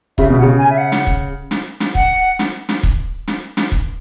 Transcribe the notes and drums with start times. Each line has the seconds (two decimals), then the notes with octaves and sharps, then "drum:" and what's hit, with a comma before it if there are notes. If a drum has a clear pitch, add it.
0.18 C#3 E5, drum: kick
0.30 B2
0.39 F#5
0.42 C#3
0.58 G#5
0.70 E5
0.78 F#5
0.92 drum: snare
1.07 drum: kick
1.51 drum: snare
1.80 drum: snare
1.95 F#5, drum: kick
2.39 drum: snare
2.69 drum: snare
2.83 drum: kick
3.28 drum: snare
3.57 drum: snare
3.72 drum: kick